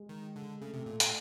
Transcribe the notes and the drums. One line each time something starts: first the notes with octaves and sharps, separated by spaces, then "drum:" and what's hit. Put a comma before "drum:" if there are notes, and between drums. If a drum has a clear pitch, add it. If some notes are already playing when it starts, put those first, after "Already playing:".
Already playing: G#3
D#3
D3
C#3 A3
C3
A#2
A2, drum: hi-hat